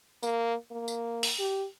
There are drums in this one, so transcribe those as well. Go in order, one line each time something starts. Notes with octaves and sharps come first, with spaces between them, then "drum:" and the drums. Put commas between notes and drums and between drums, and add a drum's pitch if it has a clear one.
A#3, drum: tambourine
A#3
drum: tambourine
drum: open hi-hat
G4